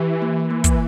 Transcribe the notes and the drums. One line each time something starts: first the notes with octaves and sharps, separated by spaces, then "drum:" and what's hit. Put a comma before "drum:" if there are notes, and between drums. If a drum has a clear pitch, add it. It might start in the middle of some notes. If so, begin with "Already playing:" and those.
Already playing: E3 G4
A#3
A#3
drum: kick, hi-hat